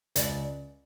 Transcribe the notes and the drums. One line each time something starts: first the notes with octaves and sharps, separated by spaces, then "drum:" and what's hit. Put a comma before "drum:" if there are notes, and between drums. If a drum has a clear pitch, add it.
C#2 D5, drum: hi-hat